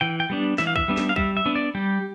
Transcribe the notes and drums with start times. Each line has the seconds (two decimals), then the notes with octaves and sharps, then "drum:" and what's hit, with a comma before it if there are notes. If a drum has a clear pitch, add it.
0.01 E3 G5
0.20 G5
0.30 G3 B3 D4
0.58 E3 E5, drum: snare
0.67 F5
0.76 E5, drum: kick B1
0.88 G3 B3 D4
0.97 drum: snare
1.09 F5
1.16 G3 E5, drum: kick B1
1.37 E5
1.46 B3 D4
1.55 D5
1.75 G3 G4